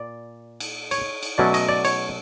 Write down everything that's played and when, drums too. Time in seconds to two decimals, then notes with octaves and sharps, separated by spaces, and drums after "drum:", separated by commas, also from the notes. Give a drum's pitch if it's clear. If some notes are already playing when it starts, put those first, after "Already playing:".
Already playing: A#2 D5
0.60 drum: cymbal
0.91 C#5, drum: cymbal
1.23 drum: cymbal
1.38 B2 F#3 A3 C#4 D5
1.54 D#5, drum: cymbal
1.69 D5
1.85 C#5, drum: cymbal